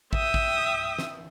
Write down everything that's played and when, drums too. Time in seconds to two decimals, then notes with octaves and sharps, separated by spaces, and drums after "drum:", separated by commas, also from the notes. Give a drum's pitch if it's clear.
0.13 E5 G5 D#6, drum: kick
0.34 drum: kick
0.99 drum: snare